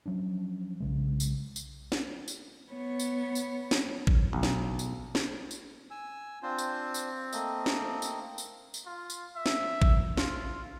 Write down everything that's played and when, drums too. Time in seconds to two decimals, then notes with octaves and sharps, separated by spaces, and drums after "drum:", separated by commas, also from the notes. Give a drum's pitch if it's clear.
0.06 F3 F#3 C#4 D4
0.80 B1 C#3 G#3
1.20 drum: tambourine
1.56 drum: tambourine
1.92 drum: snare
2.28 drum: tambourine
2.70 B3 C#5
2.99 drum: tambourine
3.35 drum: tambourine
3.71 drum: snare
4.07 drum: kick A1
4.33 B1
4.43 drum: snare
4.79 drum: tambourine
5.15 drum: snare
5.51 drum: tambourine
5.91 G#5 E6
6.43 C4 D4 F4 C5
6.58 drum: tambourine
6.94 drum: tambourine
7.33 A3 A#3 D#5, drum: tambourine
7.66 drum: snare
8.02 drum: tambourine
8.38 drum: tambourine
8.74 drum: tambourine
8.86 F4
9.10 drum: tambourine
9.36 E5
9.46 drum: snare
9.82 drum: kick A1
10.17 F4, drum: snare